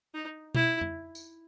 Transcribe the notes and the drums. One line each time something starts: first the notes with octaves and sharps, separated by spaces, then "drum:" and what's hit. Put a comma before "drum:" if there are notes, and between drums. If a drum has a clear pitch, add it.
D#4
E4, drum: tom B2
drum: tom F2
drum: tambourine